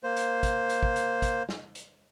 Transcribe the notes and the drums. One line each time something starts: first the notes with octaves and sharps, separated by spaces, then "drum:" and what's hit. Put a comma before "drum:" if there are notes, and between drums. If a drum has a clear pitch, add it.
A#3 C5
drum: hi-hat
drum: kick, hi-hat
drum: hi-hat
drum: kick
drum: hi-hat
drum: kick, hi-hat
drum: snare
drum: hi-hat